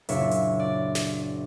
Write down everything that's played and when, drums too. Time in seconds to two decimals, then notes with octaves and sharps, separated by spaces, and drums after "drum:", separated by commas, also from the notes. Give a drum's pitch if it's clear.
0.09 F#1 A#2 D4 C#5 E5, drum: hi-hat
0.31 drum: hi-hat
0.60 D5
0.95 drum: snare